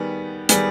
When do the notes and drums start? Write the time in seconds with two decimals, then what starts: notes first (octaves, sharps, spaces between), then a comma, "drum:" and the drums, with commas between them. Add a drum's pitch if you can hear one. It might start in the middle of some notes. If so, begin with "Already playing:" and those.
Already playing: D#3 G3 B3 G#4
0.49 D#3 G3 B3 G#4, drum: hi-hat